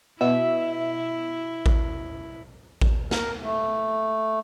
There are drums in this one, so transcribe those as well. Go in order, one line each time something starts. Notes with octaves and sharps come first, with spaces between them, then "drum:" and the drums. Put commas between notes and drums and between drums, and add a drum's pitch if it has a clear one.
B2 E4 E5
drum: kick A1
drum: kick A1
A#4, drum: snare
A3